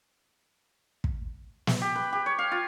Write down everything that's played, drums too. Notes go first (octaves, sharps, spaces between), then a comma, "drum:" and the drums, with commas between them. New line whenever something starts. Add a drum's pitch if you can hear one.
drum: kick
drum: snare
G4
B4
G4
C#5
F5
F4